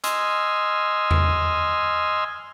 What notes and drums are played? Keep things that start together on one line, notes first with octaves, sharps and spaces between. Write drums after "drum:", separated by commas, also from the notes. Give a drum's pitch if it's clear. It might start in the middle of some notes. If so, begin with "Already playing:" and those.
D#5 G#5 C6 E6 F6, drum: hi-hat
drum: tom E2